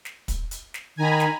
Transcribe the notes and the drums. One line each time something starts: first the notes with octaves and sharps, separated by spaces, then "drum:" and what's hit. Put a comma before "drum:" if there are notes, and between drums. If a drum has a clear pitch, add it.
drum: snare
drum: kick, hi-hat
drum: hi-hat
drum: snare
D#3 G#5 A#5 B5
drum: snare